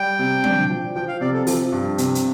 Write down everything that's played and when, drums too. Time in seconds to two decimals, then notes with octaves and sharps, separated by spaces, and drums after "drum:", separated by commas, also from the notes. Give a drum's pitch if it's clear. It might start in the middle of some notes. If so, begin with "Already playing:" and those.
Already playing: G3 G5
0.19 C3
0.44 D4, drum: tom
0.70 F3
0.96 F3 G5
1.08 F5
1.21 C3 D5
1.34 A4
1.47 F3, drum: open hi-hat
1.72 G2
1.98 C3, drum: hi-hat
2.15 drum: hi-hat